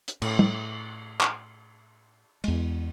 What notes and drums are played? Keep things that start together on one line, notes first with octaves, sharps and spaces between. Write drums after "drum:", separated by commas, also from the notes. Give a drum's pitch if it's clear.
drum: hi-hat
A2, drum: cymbal
drum: tom
drum: clap
E2 G#3, drum: cymbal